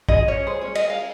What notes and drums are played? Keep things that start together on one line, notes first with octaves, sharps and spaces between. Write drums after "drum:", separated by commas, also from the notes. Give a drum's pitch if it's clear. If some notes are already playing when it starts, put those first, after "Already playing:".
G#4 D#5, drum: kick
C#4 C#5
G#4 C5
C#4 C#5
D#5, drum: cymbal
G#4
F5